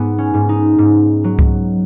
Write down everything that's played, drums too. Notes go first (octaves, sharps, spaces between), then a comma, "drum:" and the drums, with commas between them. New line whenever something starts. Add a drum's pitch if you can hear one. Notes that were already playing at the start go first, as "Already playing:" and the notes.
Already playing: G#2 B3
C#4
G#2
D#4
G#2
F#3
drum: kick C2